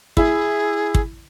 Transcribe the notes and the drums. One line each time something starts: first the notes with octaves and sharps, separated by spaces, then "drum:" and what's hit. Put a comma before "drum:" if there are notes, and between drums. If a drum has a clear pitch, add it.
E4 G#4, drum: kick
drum: kick